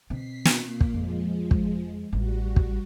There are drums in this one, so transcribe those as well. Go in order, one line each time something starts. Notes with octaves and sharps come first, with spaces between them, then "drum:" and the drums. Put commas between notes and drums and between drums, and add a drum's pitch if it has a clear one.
B2 C4 B6 C7
drum: snare
A#2 A#3
drum: kick
F2 F3 G#3
drum: kick
A1 G3 F#4
drum: kick